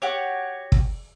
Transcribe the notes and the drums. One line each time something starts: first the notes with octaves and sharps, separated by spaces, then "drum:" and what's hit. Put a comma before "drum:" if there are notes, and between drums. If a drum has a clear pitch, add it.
F#4 G4 C#5
drum: kick